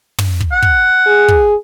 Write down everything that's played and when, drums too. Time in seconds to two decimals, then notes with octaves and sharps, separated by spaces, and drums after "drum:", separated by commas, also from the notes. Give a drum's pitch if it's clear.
0.18 drum: tom
0.40 drum: kick
0.52 F#5
0.62 drum: kick
1.06 G#4
1.28 drum: kick